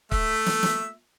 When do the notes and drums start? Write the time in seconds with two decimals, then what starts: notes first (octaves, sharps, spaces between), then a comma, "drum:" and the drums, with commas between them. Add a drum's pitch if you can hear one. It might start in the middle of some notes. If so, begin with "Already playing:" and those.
0.12 A3 E5, drum: kick
0.46 drum: snare
0.63 drum: snare